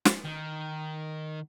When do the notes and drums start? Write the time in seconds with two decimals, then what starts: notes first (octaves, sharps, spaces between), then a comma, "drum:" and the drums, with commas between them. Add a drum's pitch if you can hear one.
0.05 drum: snare
0.24 D#3